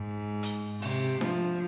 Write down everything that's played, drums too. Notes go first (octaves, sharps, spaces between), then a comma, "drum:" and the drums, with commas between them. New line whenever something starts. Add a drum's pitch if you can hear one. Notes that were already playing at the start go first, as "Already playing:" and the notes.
Already playing: G#2
drum: hi-hat
C3, drum: open hi-hat
F3, drum: snare D4